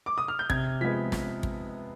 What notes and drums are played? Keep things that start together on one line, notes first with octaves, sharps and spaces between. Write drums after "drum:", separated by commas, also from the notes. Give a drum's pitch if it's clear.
D6
D#6
F6
G6
C3 G#6, drum: kick
F3 G#3 B3 B6
drum: snare
drum: kick